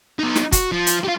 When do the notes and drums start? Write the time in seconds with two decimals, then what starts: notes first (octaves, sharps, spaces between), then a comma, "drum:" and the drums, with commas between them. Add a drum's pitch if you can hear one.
0.19 B3 D#4
0.35 drum: snare
0.52 F#4, drum: kick, hi-hat
0.72 F3
0.87 drum: hi-hat
1.04 F4 G4